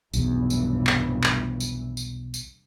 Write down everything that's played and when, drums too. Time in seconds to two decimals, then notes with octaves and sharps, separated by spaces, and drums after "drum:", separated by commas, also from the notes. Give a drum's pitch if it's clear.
0.14 F1 B1 E2 G2 E3, drum: tambourine
0.50 drum: tambourine
0.87 drum: clap
1.24 drum: clap
1.60 drum: tambourine
1.97 drum: tambourine
2.34 drum: tambourine